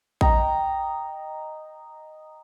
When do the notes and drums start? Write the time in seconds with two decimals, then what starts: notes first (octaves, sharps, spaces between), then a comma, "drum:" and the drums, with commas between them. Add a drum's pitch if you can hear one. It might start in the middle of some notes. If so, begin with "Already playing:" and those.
0.21 D#5 G5 A#5, drum: kick A#1